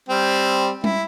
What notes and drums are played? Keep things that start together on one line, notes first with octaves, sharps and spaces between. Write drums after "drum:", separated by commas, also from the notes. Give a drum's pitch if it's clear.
G3 C4
E4, drum: tom G3